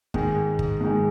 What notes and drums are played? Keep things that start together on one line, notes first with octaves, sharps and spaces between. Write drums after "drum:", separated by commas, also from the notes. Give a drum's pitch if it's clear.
G#2 D#3 G#3, drum: kick G1
drum: kick G1
G#2 D#3 G#3